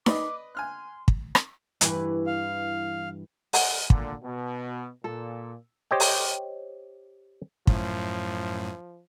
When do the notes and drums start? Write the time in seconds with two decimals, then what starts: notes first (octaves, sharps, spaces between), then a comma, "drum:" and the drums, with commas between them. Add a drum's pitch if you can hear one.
0.06 B4 D5 D#5 D6, drum: snare D#4
0.55 G#5 C6 F6 F#6
1.08 drum: kick
1.35 drum: rim click
1.81 G2 E3 B4, drum: hi-hat
2.26 F5
3.53 F#5 G#5, drum: open hi-hat
3.90 A#2 D3, drum: kick
4.23 B2
5.04 A#2 A4
5.91 G4 C5 C#5 D#5 G5
6.00 drum: open hi-hat
7.67 F#2 A2 F3, drum: kick